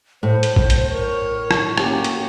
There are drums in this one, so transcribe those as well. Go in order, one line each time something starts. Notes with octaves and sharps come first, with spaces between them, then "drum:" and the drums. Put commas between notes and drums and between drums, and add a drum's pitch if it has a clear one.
A2 C5
drum: hi-hat
drum: kick A1
drum: hi-hat
A#4 C#5
drum: rim click
A#3 C#4 F#4 G4, drum: rim click
drum: hi-hat